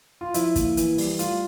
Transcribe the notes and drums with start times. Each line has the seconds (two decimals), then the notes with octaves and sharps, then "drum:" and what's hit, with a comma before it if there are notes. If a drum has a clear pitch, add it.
0.21 F4
0.34 F3 E4, drum: hi-hat
0.56 A#3, drum: kick, hi-hat
0.77 E3, drum: hi-hat
0.98 G3, drum: open hi-hat
1.19 A3 F4, drum: hi-hat